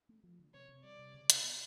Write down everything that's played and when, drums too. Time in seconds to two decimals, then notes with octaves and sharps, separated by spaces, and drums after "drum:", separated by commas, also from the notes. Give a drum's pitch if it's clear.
0.09 A3
0.23 F3
0.39 D3
0.54 C3 C#5
0.69 C3
0.83 G3 D5
0.99 C3
1.14 C#3
1.30 D4, drum: hi-hat
1.44 B3